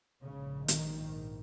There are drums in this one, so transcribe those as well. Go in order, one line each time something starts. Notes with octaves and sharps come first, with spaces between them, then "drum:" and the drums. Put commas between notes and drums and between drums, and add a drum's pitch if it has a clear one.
A#1 G#2 C#3
D#3, drum: hi-hat